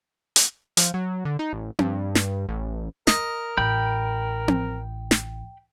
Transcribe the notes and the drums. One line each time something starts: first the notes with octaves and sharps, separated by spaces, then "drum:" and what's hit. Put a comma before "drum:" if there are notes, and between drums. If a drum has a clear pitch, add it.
drum: hi-hat
F3, drum: hi-hat
F#3
D3
D#4
A1
G2, drum: tom C4
drum: snare
A1
A#4 D#5, drum: snare
A1 G5 B5 G6
drum: tom C4
drum: snare